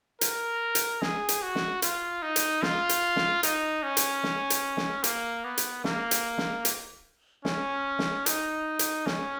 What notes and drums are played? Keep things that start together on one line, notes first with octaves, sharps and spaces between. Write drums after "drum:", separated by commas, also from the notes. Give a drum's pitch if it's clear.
A#4, drum: hi-hat
drum: hi-hat
G#4, drum: snare
drum: hi-hat
F#4
drum: snare
F4, drum: hi-hat
D#4
drum: hi-hat
F4, drum: snare
drum: hi-hat
drum: snare
D#4, drum: hi-hat
C#4
drum: hi-hat
drum: snare
drum: hi-hat
drum: snare
A#3, drum: hi-hat
B3
drum: hi-hat
A#3, drum: snare
drum: hi-hat
drum: snare
drum: hi-hat
C#4, drum: snare
drum: snare
D#4, drum: hi-hat
drum: hi-hat
C#4, drum: snare